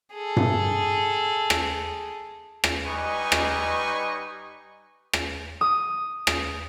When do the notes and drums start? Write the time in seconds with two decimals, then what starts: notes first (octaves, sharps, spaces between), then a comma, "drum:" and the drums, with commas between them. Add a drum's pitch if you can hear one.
0.14 G#4 A4
0.37 drum: tom G2
1.50 drum: rim click
2.64 drum: rim click
2.86 G3 D#4 B4 D#5 G#5 C#6
3.32 drum: rim click
5.13 drum: rim click
5.61 D#6
6.27 drum: rim click